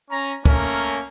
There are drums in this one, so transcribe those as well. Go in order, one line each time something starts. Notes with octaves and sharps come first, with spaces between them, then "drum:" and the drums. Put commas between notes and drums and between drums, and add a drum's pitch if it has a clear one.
C#4 A#5
A3 A#3 C#4 A#4, drum: kick